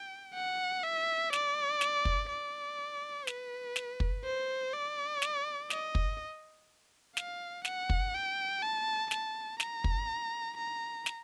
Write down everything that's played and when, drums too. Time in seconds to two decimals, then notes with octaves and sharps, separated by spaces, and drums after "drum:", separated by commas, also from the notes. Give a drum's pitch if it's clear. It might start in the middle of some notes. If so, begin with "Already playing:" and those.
Already playing: G5
0.35 F#5
0.84 E5
1.33 D5, drum: snare
1.81 drum: snare
2.05 drum: kick
2.30 D5
3.27 B4, drum: snare
3.76 drum: snare
4.00 drum: kick
4.24 C5
4.73 D5
5.22 drum: snare
5.70 D#5, drum: snare
5.95 drum: kick
7.17 F5, drum: snare
7.65 F#5, drum: snare
7.90 drum: kick
8.14 G5
8.62 A5
9.11 A5, drum: snare
9.60 A#5, drum: snare
9.84 drum: kick
10.57 A#5
11.06 drum: snare